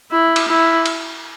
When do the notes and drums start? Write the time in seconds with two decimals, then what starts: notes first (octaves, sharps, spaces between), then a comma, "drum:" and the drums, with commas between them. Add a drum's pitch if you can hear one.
0.11 E4
0.36 drum: cymbal
0.49 E4
0.86 drum: cymbal